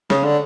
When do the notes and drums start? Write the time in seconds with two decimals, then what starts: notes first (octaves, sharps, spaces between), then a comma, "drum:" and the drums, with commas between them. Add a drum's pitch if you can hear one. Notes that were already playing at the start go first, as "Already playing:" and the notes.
0.10 C#3, drum: snare
0.24 D3